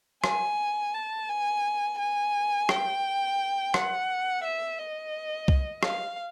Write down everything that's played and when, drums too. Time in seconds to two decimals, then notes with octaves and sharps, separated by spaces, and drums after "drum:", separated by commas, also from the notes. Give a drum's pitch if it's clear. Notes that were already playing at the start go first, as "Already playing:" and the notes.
0.24 G#5, drum: rim click
0.94 A5
1.29 G#5
1.98 G#5
2.69 G5, drum: rim click
3.74 F#5, drum: rim click
4.44 E5
4.79 D#5
5.48 drum: kick C2
5.83 F5, drum: rim click